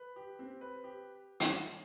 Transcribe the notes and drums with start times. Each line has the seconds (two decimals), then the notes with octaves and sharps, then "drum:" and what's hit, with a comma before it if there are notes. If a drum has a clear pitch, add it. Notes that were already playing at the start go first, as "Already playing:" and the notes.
Already playing: B4
0.16 G4
0.39 C4
0.61 B4
0.84 G4
1.40 drum: hi-hat